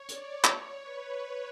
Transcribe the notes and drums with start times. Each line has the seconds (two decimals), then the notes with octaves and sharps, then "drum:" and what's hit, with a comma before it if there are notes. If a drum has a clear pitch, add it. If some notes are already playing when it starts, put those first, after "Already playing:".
Already playing: C#5
0.09 D5, drum: hi-hat
0.44 C#5, drum: clap
0.81 B4